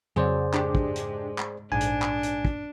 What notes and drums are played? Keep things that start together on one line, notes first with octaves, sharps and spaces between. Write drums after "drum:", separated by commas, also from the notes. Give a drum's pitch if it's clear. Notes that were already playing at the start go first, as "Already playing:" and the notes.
F2 C#3 F#3 C4 G#4 C5 D5
G#2 G#3 D4 G4, drum: clap
drum: kick
drum: hi-hat
drum: clap
A#1 G#2 D4 G#5
drum: hi-hat
drum: clap
drum: hi-hat
drum: kick